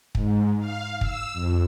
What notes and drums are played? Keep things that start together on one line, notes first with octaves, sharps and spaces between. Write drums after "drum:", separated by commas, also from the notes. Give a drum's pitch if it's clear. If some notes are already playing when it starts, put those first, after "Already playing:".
G#2, drum: kick
F5
E6, drum: kick
F2